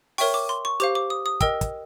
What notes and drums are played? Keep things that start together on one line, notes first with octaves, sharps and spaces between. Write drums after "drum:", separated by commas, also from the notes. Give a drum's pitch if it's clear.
A#4 C#5 E5 G5 C#6, drum: open hi-hat
D6
C6
C#6
G4 C5 F5 D6, drum: hi-hat
D6
D#6
D#6
A#4 D#5 G5 E6, drum: kick, hi-hat
drum: kick, hi-hat